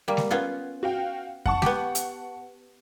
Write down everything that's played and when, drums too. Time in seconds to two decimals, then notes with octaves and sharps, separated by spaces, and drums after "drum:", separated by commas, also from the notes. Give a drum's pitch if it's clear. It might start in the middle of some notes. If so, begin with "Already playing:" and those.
0.08 G3 A#3
0.17 drum: snare G#3
0.31 B3 C#4 F4
0.83 F#4 F5 G5
1.46 F#5 A5 C#6, drum: kick F2
1.62 B3 G4, drum: snare G#3
1.95 drum: hi-hat